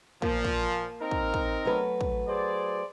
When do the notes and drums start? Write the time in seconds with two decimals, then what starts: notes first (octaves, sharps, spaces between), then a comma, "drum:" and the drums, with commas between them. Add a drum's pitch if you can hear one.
0.22 A#2 F3 A#3, drum: kick
0.44 drum: kick
1.02 C4 D#4 A#4
1.11 drum: kick
1.34 drum: kick
1.65 F#3 A3 B4
2.01 drum: kick
2.28 G#4 C5 D5